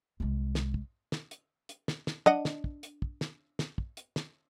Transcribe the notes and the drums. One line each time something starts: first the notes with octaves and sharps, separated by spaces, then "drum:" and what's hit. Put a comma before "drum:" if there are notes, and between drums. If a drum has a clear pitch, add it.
C2 G#3
drum: snare
drum: kick
drum: snare
drum: hi-hat
drum: hi-hat
drum: snare
drum: snare
D4 D#5 F#5, drum: tom
drum: snare
drum: kick
drum: hi-hat
drum: kick
drum: snare
drum: snare
drum: kick
drum: hi-hat
drum: snare